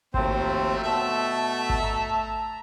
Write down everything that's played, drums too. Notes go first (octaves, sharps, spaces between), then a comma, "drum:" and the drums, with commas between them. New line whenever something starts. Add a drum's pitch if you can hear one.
D#2 F3 F#3 A3 C4 C5, drum: kick G#1
B2 A3 E5 A5
drum: kick G#1
A#5